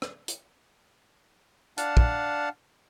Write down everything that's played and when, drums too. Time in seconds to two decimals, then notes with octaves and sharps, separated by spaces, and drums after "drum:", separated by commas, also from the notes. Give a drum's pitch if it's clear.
0.02 drum: rim click
0.28 drum: hi-hat
1.78 D4 F5 F#5 A5, drum: hi-hat
1.97 drum: kick